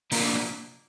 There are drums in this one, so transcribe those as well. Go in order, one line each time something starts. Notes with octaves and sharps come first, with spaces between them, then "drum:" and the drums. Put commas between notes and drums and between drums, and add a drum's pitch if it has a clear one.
C3 A#3 D4 F4 A#4, drum: open hi-hat